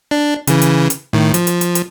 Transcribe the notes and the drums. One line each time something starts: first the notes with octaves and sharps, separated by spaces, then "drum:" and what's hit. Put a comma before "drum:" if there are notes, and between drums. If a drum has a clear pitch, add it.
D4
C#3 E3, drum: hi-hat
drum: hi-hat
drum: hi-hat
A2 D#3
F3, drum: hi-hat
drum: hi-hat
drum: hi-hat
drum: hi-hat